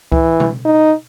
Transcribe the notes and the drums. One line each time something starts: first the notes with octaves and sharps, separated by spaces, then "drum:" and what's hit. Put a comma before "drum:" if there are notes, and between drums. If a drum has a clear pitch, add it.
E3, drum: kick C#2
drum: tom B2
D#4